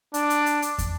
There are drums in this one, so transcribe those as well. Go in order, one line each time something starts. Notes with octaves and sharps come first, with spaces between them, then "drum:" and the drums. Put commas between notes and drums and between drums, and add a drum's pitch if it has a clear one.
D4, drum: hi-hat
drum: hi-hat
drum: hi-hat
drum: hi-hat
drum: kick, hi-hat